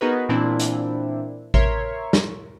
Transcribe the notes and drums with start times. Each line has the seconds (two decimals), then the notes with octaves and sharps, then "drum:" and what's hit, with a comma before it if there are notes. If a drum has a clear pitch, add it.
0.01 B3 D#4 F#4 G#4 A#4 B4
0.29 A#2 E3 C4 D4 E4
0.60 drum: hi-hat
1.54 A#4 C#5 E5 C6, drum: kick A1
2.13 drum: snare